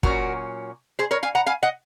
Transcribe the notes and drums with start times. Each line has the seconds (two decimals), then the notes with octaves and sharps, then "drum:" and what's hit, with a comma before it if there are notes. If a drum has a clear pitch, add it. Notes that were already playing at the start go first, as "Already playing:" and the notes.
0.03 A#2 F#3 C#4 F#4 A#4, drum: kick
0.99 G#4 C5
1.11 A#4 C#5
1.23 F5 G#5
1.35 F#5 A#5
1.46 F5 G#5
1.63 D#5 F#5